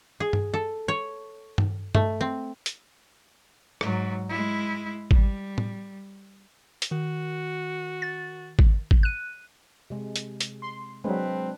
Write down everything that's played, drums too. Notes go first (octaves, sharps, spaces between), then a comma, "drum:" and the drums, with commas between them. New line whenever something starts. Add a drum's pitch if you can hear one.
G#4
drum: tom G2
A4
C#5
drum: tom G2
A3, drum: tom G2
C4
drum: hi-hat
G#2 F#3, drum: rim click
G#3 E4
G3, drum: kick G#1
drum: tom A2
drum: hi-hat
D#3 F#4
A6
drum: kick G#1
drum: kick G#1
F#6 D#7
C3 G#3
drum: hi-hat
drum: hi-hat
C6
F#3 G#3 C4 D4 B4